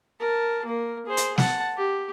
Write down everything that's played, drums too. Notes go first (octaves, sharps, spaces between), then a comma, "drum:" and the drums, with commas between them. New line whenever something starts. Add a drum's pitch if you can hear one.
A#4 A5
A#3 A#4
G#4 C5
drum: hi-hat
F#5 A5, drum: snare
G4